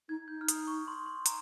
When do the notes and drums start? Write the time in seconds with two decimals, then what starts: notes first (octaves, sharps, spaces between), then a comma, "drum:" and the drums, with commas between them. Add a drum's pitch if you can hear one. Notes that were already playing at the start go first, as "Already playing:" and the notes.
0.08 D#4 G#6
0.28 D#4 G6
0.41 F6
0.49 D#6, drum: hi-hat
0.67 C#6
0.88 C6
1.06 C6
1.26 A#5, drum: hi-hat